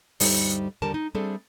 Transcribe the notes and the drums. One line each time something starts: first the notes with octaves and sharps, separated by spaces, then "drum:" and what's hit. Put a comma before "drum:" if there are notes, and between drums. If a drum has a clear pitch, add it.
D2 G2 G3 A3 D#4 C5, drum: open hi-hat
D#2 D3 G3 A#4 A5
D#4
G3 A3 C4 D4 G#4 A4